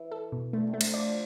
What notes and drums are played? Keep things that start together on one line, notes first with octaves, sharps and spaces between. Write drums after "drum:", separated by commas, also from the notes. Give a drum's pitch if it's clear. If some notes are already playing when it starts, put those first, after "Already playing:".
Already playing: E3
A4
B2
D3 A3
C3
A3
D3, drum: cymbal
F3 D5